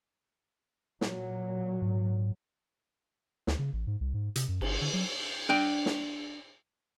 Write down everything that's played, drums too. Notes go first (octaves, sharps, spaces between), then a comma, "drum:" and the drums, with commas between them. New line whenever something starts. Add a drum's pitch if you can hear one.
A#2 F#3, drum: snare
G#2
D2, drum: snare
C#3
A1
G#2
C2
G#2
C3, drum: hi-hat
F#2
G1, drum: cymbal
D3
F#3
D4 G5
drum: snare